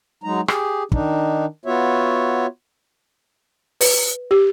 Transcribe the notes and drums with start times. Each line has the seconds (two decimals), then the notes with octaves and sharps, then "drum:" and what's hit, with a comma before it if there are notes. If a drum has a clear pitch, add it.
0.24 F#3 G#3 D#4 A#5
0.48 G4 G#4, drum: rim click
0.92 D#3 D4 D#4, drum: kick
1.65 B3 F4 F#4 C#5 E5
3.81 B4, drum: open hi-hat
4.31 G4